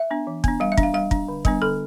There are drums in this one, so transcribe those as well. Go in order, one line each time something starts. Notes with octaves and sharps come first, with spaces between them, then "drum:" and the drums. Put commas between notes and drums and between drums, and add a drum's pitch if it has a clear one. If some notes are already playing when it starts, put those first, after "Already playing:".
Already playing: E5
B3 D4
E3
B3 D4, drum: kick
G3 F5
E5
D4, drum: kick
F5
G3 F5
D4, drum: kick
D3
G3 B3 D4, drum: kick
D3 A4